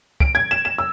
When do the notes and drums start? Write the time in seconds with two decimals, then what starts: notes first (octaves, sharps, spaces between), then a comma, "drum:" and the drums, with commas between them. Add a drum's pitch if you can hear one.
0.20 D7, drum: kick
0.35 G#6
0.51 E7
0.65 E7
0.78 E6